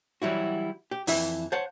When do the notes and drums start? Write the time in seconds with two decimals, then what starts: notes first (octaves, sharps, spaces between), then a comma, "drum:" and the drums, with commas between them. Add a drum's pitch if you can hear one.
0.22 E3 F#3 G3 E4 F#4
0.91 G4
1.07 F2 E3 E4 B4 E5, drum: open hi-hat
1.52 C5 C#5 F#5 A5